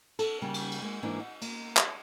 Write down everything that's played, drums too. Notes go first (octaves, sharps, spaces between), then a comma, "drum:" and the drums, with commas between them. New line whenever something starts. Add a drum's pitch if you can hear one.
A4, drum: cymbal
C#3 G3 A#3
drum: cymbal
drum: cymbal
G#3 A#3
G#2 E3 A#3 D4 F4
F#5
A#3, drum: cymbal
drum: clap